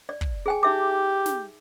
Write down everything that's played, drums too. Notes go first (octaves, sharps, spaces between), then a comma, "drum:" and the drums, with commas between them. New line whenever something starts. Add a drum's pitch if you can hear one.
D5
drum: kick
G#4 G5 G#5
D#4 G4 E5 D6
drum: snare